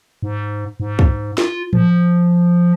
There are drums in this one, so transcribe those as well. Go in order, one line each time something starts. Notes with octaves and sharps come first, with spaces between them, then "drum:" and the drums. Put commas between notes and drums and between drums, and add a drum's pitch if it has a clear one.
G#2
G#2
drum: kick
F4, drum: snare
F3, drum: tom A2